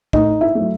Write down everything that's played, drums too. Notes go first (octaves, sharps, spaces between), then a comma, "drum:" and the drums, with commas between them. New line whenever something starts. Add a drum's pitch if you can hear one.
A2 D#4 D#5, drum: kick
E4 E5
F#3 A3